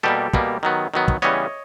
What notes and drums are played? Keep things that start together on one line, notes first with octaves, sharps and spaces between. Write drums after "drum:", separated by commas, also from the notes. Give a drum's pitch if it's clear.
B2 G3 A#3 G4 A4
B2 G3 A#3, drum: kick
D#3 F#3 B3
D#3 F#3 B3
drum: kick
C#3 E3 G3 B3 C#5 D#5